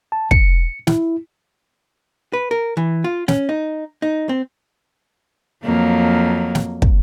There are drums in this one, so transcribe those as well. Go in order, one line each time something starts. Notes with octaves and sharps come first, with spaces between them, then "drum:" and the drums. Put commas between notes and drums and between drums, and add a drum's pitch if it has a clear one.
A5
C#7, drum: kick
E4, drum: snare
B4
A#4
E3
F4
C#4, drum: snare
D#4
D#4
C4
F2 F#3 A#3
drum: snare
drum: kick